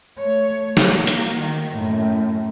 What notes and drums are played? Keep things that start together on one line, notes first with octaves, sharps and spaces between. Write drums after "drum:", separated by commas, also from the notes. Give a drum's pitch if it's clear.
A3 C#5
A#3 F#4, drum: snare
drum: hi-hat
D#3
F#2 A2